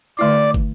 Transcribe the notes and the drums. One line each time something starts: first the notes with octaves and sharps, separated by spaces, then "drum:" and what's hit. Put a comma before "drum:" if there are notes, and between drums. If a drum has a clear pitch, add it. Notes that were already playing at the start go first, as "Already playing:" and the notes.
D3 A3 E4 D5
drum: kick